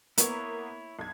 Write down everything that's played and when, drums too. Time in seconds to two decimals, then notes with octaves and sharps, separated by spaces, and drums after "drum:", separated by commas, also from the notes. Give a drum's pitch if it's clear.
0.18 A#3 B3 E4 C#5, drum: hi-hat
0.99 B1 G#6